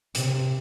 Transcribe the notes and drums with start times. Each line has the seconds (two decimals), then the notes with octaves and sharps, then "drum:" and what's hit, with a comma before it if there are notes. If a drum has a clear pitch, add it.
0.15 C3, drum: hi-hat